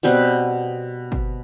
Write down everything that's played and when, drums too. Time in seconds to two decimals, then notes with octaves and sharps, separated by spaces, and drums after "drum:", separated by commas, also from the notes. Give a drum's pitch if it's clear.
0.03 B2 G3 C4 B4
1.12 drum: kick G1